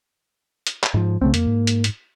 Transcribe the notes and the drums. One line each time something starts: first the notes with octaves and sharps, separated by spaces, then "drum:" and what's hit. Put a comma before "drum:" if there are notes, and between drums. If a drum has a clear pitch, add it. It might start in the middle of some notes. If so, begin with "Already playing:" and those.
drum: hi-hat
drum: clap
G#2 F3
C2 C#3 A3 C4
F2 A#3, drum: hi-hat
G#2
drum: hi-hat
drum: hi-hat